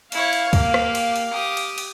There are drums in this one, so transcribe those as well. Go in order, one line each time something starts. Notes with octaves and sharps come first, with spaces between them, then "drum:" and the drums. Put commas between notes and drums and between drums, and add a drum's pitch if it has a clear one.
E4 C#5 F5, drum: cymbal
drum: cymbal
A#3 G4, drum: kick, cymbal
drum: rim click
drum: cymbal
drum: cymbal
G4 D#6
drum: cymbal
drum: cymbal